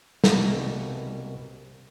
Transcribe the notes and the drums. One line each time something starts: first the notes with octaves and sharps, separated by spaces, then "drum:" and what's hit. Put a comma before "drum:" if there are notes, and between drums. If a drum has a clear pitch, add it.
C2 B2 A#3, drum: snare